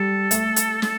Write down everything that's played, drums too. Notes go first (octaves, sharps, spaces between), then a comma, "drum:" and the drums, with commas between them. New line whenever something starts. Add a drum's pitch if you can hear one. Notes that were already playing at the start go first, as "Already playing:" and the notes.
Already playing: G3 A4
A3, drum: hi-hat
drum: hi-hat
A4, drum: snare